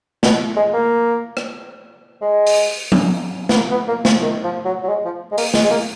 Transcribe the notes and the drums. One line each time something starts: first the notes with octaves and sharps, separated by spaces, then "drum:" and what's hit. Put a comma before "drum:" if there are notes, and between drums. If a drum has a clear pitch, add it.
B2, drum: snare
G#3
A#3
drum: rim click
G#3
drum: open hi-hat
drum: tom F3
B3, drum: snare
A#3
B3
A#3
F3, drum: snare
D#3
F3
F#3
F#3
G#3
F3
G#3
A#3, drum: open hi-hat
G#3, drum: snare
G#3
A#3